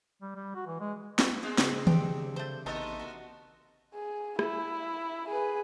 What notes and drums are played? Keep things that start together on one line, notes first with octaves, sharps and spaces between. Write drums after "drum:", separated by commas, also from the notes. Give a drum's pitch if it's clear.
G3
G3
F#4
E3
G#3
drum: snare
G#3 A#3 G#4 C5
C#3 G#3 C4, drum: snare
C3 D4 G4, drum: tom D#3
A3 C5
A1 A3 A#3 D#4 D#5
F#4
G#4
E4, drum: rim click
G#4 B4